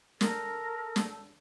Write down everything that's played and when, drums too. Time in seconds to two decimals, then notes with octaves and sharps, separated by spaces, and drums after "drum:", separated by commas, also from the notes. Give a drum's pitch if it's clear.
0.21 A4 A#4, drum: snare
0.96 drum: snare